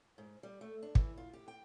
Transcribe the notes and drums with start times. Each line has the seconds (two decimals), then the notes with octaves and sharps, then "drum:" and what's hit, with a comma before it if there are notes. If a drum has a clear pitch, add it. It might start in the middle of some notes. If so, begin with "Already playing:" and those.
0.18 G#2
0.43 G3
0.61 A3
0.83 D4
0.95 E3, drum: kick
1.18 F4
1.33 G4
1.48 G5